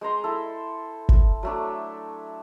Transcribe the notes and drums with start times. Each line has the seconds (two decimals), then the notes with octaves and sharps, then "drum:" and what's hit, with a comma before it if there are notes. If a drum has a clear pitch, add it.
0.01 G#3 C5 A#5 C6
0.24 E4 A4
1.09 drum: kick G1
1.43 F#3 A3 D4